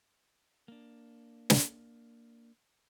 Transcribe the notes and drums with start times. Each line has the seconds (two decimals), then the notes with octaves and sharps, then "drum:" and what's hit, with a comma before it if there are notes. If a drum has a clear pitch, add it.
0.68 A#3 D4
1.50 drum: snare